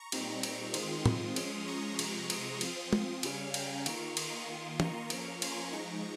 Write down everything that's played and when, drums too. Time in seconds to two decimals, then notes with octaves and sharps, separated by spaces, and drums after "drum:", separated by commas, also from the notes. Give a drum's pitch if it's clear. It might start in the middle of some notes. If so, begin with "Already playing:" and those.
Already playing: A#5 C#6
0.12 A#2 G3 C4 D#4, drum: cymbal
0.43 A#5 C#6, drum: cymbal
0.74 D#3 G#3 C4 F4 C6 D#6, drum: cymbal
1.06 drum: tom
1.36 F3 G#3 C#4 C6 D#6, drum: cymbal
1.68 A#5 C#6
1.99 C3 F3 G#3, drum: cymbal
2.30 C6 D#6, drum: cymbal
2.61 F3 C4 F4, drum: cymbal
2.93 C6 D#6, drum: tom
3.23 C#3 G3 C#4 F5 G#5, drum: cymbal
3.54 G5 A#5, drum: cymbal
3.86 D#3 A#3 F4 A#5 C#6, drum: cymbal
4.17 C6 D#6, drum: cymbal
4.48 D#3 A#3 F4
4.80 A#5 C#6, drum: tom
5.10 F3 A#3 C#4, drum: cymbal
5.42 G#5 C6, drum: cymbal
5.72 F3 G#3 D#4 A#5 C#6